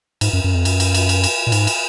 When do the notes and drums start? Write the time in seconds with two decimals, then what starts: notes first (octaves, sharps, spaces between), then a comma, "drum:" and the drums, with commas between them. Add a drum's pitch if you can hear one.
0.21 G#2, drum: cymbal
0.33 F#2
0.44 F#2
0.55 F2
0.65 F#2, drum: cymbal
0.80 drum: cymbal
0.94 drum: cymbal
1.09 drum: cymbal
1.24 drum: cymbal
1.47 A#2
1.52 G#2, drum: cymbal
1.67 drum: cymbal